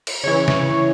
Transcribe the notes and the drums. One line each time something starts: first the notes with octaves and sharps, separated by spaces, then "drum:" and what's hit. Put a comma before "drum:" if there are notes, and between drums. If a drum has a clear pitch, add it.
drum: cymbal
C#3 E3 C#5
drum: snare